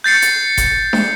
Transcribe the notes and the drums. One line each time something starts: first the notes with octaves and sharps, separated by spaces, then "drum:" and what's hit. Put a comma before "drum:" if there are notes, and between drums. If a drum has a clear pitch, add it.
G6 A6 C7 C#7
drum: hi-hat
drum: kick G1, hi-hat
drum: snare D4